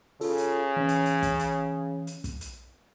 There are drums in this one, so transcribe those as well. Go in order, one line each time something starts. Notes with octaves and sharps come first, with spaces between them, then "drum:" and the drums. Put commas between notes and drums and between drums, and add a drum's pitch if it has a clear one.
C#3 F4 A4, drum: open hi-hat
drum: hi-hat
E3 C#4 C#5
drum: hi-hat
drum: hi-hat
drum: kick, hi-hat
drum: hi-hat
drum: hi-hat
drum: kick, hi-hat
drum: hi-hat